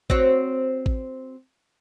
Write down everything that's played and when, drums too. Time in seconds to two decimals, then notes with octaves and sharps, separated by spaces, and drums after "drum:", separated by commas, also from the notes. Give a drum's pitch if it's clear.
0.10 C4 F#4 C#5, drum: kick A1
0.86 drum: kick A1